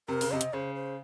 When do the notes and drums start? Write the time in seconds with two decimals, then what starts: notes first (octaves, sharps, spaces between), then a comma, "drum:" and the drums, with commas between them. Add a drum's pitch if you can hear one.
0.08 C3 A#4
0.21 C#3, drum: open hi-hat
0.31 C3 D#5
0.41 drum: hi-hat
0.53 C#3 C5
0.75 C5